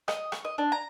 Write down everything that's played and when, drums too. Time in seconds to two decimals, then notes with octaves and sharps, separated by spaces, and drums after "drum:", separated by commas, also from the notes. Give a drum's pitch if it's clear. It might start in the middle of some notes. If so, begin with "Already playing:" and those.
0.08 D#5, drum: rim click
0.32 C#6, drum: rim click
0.45 D#5
0.58 D4
0.72 A#5